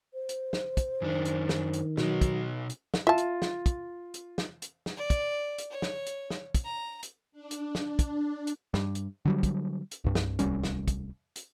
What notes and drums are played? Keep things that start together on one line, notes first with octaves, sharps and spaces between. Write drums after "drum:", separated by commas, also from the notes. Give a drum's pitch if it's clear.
C5
drum: hi-hat
drum: snare
drum: kick, hi-hat
F#2 D#3 D4
drum: hi-hat
drum: snare
drum: hi-hat
B2 F#3 D#4, drum: snare
drum: kick, hi-hat
drum: hi-hat
drum: snare
F4 E5 A5
drum: hi-hat
drum: snare
drum: kick, hi-hat
drum: hi-hat
drum: snare
drum: hi-hat
drum: snare
D5
drum: kick, hi-hat
drum: hi-hat
C#5
drum: snare
drum: hi-hat
drum: snare
drum: kick, hi-hat
A#5
drum: hi-hat
D4
drum: hi-hat
drum: snare
drum: kick, hi-hat
drum: hi-hat
G2, drum: snare
drum: hi-hat
D3 F#3 G3
drum: kick, hi-hat
drum: hi-hat
C2 G2
drum: snare
D1 C2 G3 C#4, drum: hi-hat
drum: snare
drum: kick, hi-hat
drum: hi-hat